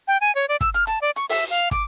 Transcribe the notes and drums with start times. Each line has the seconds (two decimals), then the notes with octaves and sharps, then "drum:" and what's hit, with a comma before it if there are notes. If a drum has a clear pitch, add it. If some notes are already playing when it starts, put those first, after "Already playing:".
0.08 G5
0.21 G#5
0.35 C#5
0.49 D5
0.61 E6, drum: kick, hi-hat
0.74 F6, drum: hi-hat
0.87 A5, drum: hi-hat
1.02 D5
1.16 C#6, drum: hi-hat
1.29 E5, drum: open hi-hat
1.50 F5
1.71 D6, drum: kick, hi-hat